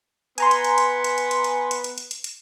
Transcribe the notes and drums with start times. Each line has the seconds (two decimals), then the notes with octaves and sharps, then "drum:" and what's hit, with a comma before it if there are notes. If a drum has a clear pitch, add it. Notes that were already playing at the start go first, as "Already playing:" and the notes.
0.38 B3 G#5 A#5 C6, drum: hi-hat
0.51 drum: hi-hat
0.64 drum: hi-hat
0.78 drum: hi-hat
1.04 drum: hi-hat
1.18 drum: hi-hat
1.31 drum: hi-hat
1.44 drum: hi-hat
1.71 drum: hi-hat
1.84 drum: hi-hat
1.98 drum: hi-hat
2.11 drum: hi-hat
2.24 drum: hi-hat